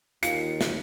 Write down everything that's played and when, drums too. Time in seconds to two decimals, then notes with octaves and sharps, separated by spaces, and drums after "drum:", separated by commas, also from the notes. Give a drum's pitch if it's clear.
0.23 D#2 F4 C#7, drum: hi-hat
0.61 drum: snare